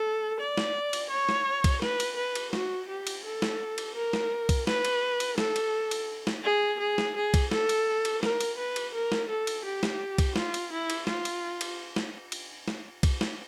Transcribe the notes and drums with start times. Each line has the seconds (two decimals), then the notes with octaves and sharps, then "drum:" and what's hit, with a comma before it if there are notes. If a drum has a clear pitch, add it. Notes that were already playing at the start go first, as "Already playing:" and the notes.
Already playing: A4
0.40 D5
0.58 drum: snare
0.93 drum: cymbal
1.10 C#5
1.29 drum: snare
1.64 drum: kick C2, cymbal
1.82 B4, drum: snare
2.00 drum: cymbal
2.17 B4
2.35 drum: cymbal
2.53 F#4, drum: snare
2.88 G4
3.07 drum: cymbal
3.25 A4
3.42 drum: snare
3.78 drum: cymbal
3.95 A#4
4.13 drum: snare
4.49 drum: kick C2, cymbal
4.67 B4, drum: snare
4.85 drum: cymbal
5.20 drum: cymbal
5.38 A4, drum: snare
5.56 drum: cymbal
5.91 drum: cymbal
6.27 drum: snare
6.44 G#4
6.80 G#4
6.98 drum: snare
7.16 G#4
7.34 drum: kick C2, cymbal
7.51 A4, drum: snare
7.69 drum: cymbal
8.05 drum: cymbal
8.23 A#4, drum: snare
8.41 drum: cymbal
8.58 B4
8.76 drum: cymbal
8.94 A#4
9.12 drum: snare
9.29 A4
9.47 drum: cymbal
9.65 G4
9.83 drum: snare
10.18 drum: kick C2, cymbal
10.36 F4, drum: snare
10.54 drum: cymbal
10.72 E4
10.90 drum: cymbal
11.07 F4, drum: snare
11.25 drum: cymbal
11.61 drum: cymbal
11.96 drum: snare
12.32 drum: cymbal
12.68 drum: snare
13.03 drum: kick C2, cymbal
13.21 drum: snare